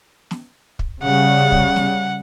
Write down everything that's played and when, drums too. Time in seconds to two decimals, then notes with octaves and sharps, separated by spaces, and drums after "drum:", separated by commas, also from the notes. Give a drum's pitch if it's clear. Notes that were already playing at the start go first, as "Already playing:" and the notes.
0.31 drum: snare
0.79 drum: kick
1.03 C#3 G3 F#5
1.52 drum: kick
1.76 drum: snare